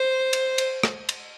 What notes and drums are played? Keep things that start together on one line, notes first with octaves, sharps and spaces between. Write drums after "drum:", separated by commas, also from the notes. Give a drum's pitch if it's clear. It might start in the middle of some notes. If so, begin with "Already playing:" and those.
Already playing: C5
drum: cymbal
drum: cymbal
drum: rim click
drum: cymbal